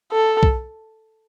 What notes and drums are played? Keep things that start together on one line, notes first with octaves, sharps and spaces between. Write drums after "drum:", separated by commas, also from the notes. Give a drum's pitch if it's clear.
A4
drum: kick